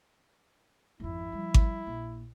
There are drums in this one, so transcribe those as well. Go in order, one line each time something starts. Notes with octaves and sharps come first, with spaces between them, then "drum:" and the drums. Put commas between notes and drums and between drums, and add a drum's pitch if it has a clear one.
G#1 F2 E4
F3 G3
drum: kick G#1
A#1